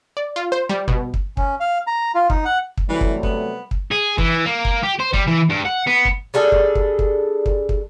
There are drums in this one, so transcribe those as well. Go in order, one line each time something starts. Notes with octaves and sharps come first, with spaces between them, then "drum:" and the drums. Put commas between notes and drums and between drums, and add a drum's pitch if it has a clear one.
D5
F4
C5
G3
B2, drum: kick
drum: kick
C#4, drum: kick
F5
A#5
F4
D#4, drum: kick
F#5
drum: kick
C3 E3 F#3 G3 A3
drum: kick
B3, drum: kick
drum: kick
G#4
E3, drum: kick
A#3
drum: kick
G4
C5
G3, drum: kick
E3
G2
F#5
B3
drum: kick
G3 D4 G#4 A4
drum: kick
drum: kick
drum: kick
drum: kick
drum: kick